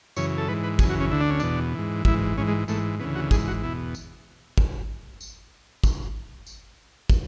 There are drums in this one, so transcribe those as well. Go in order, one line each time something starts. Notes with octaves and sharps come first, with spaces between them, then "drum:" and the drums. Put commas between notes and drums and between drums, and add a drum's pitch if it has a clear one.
F#2 C#3 E3 C#5, drum: tambourine
A4
G#2 E3 B4
B4
F#2 C#3 E3 G#4, drum: kick, tambourine
F#4
C#4
D2 D3 E4
D4
C#4
E2 B2 D4, drum: tambourine
G#2 E3
G#2 E3 E4, drum: kick
G#2 E3 C#4
G#3
G#2 E3 A3, drum: tambourine
D2 C#3 E3 B3
F#4
G#2 E3 G#4, drum: kick, tambourine
F#4
E2 B2 E4
drum: tambourine
drum: kick
drum: tambourine
drum: kick, tambourine
drum: tambourine
drum: kick, tambourine